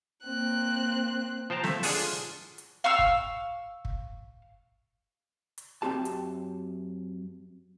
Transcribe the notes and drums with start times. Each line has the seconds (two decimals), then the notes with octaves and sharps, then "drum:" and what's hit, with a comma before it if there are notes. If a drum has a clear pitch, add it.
0.24 A#3 C4 F#6
1.50 F3 C5 G5 A5 A#5
1.64 F3 A3 E5, drum: snare
1.83 D4 F4 G#4 F#5 A5, drum: open hi-hat
2.58 drum: hi-hat
2.84 F5 C#6 E6
2.99 drum: kick
3.85 drum: kick
5.58 drum: hi-hat
5.82 F#2 F#3 C4 D4 G4 A5
6.05 drum: hi-hat